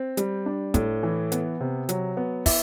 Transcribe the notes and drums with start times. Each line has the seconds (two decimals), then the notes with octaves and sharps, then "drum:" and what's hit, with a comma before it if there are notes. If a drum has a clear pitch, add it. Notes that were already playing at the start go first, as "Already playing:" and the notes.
Already playing: C4
0.17 G3, drum: hi-hat
0.46 D4
0.74 A2, drum: kick, hi-hat
1.03 E3
1.32 B3, drum: hi-hat
1.60 C3
1.89 F#3, drum: hi-hat
2.17 B3
2.46 E4, drum: kick, open hi-hat